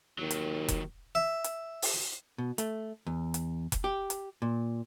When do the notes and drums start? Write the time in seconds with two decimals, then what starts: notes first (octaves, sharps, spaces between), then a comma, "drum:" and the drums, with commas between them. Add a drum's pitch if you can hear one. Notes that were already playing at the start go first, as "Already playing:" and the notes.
0.19 D#2 D#3 F#3
0.31 drum: hi-hat
0.68 drum: kick F1, hi-hat
1.15 E5
1.44 drum: hi-hat
1.82 drum: open hi-hat
2.38 B2
2.58 A3, drum: hi-hat
3.07 E2
3.34 drum: hi-hat
3.72 drum: kick F1, hi-hat
3.84 G4
4.10 drum: hi-hat
4.42 A#2